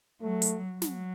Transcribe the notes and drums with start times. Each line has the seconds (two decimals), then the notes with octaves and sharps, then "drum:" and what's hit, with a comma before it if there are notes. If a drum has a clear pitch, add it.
0.22 F#3 A3
0.42 drum: hi-hat
0.82 F#3, drum: snare